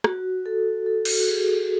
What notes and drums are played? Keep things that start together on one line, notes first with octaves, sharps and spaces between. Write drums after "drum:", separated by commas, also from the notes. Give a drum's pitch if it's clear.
F#4, drum: rim click
A4
A4
drum: cymbal
F#4
G#4